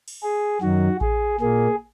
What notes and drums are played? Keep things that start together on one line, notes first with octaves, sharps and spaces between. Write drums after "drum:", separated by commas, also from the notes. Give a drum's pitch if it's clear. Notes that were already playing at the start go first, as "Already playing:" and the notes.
drum: cymbal
G#4
F#2 D#3 F#3 F#4
G#4, drum: kick A1
A#2 A#3 G#4